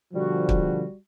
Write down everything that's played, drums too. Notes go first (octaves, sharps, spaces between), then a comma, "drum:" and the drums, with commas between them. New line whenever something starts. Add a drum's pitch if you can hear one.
B2 D3 F3 G3 F#4
drum: kick